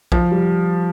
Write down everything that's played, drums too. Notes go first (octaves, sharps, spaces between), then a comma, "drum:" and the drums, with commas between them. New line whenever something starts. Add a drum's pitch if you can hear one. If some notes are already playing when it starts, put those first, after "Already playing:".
F3, drum: kick A#1
G3